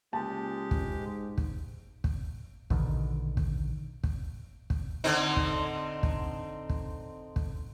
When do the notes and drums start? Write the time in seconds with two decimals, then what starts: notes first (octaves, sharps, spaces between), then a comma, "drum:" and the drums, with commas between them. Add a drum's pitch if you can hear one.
0.13 C#2 G#3 A#3 G4 A5
0.71 drum: kick
0.88 G#2
1.38 drum: kick
2.04 drum: kick
2.70 A#1 B2 D3 D#3, drum: kick
3.37 drum: kick
4.04 drum: kick
4.70 drum: kick
5.04 D3 C4 D#4
5.37 drum: kick
6.03 drum: kick
6.70 drum: kick
7.36 drum: kick